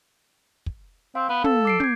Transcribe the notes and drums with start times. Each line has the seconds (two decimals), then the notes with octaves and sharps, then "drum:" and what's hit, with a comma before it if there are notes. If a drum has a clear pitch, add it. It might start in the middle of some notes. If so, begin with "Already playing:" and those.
0.66 drum: kick
1.15 C4 F5
1.29 B3 F5
1.44 A4, drum: tom
1.65 D6 C7 D7
1.80 G6 G#6, drum: tom